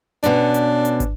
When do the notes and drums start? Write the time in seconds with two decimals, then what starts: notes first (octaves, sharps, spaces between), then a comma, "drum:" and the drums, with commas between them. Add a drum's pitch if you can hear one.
0.24 B2 C#4 D4, drum: hi-hat
0.54 drum: hi-hat
0.85 drum: hi-hat
1.00 drum: kick, hi-hat